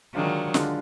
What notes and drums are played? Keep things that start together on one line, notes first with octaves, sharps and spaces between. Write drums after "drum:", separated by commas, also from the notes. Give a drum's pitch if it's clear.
D3 D#3 F#3 G#3 D4 F4
D3 G#3 D4 F4, drum: snare